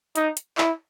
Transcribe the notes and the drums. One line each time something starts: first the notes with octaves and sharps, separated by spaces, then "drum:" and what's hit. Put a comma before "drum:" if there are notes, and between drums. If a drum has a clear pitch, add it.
D#4, drum: hi-hat
drum: hi-hat
E4, drum: clap